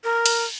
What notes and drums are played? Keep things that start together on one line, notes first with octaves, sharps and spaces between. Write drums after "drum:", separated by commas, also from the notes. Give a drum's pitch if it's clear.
A#4
drum: cymbal